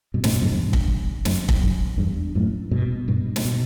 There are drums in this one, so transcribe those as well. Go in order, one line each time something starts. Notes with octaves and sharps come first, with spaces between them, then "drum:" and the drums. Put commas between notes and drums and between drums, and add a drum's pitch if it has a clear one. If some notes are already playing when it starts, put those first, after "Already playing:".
G2 B2
A2 C#3, drum: snare
G2 B2
F#2 A2
E2 G2
drum: kick
F#2, drum: snare
drum: kick
F#2
E2 G2
F#2 A2
G2 B2
G2 B2
drum: snare
B2